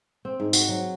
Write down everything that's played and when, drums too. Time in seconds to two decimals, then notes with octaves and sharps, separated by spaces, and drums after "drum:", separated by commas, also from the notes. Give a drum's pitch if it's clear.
0.25 C4
0.40 G#2
0.53 F#4, drum: tambourine
0.69 F#3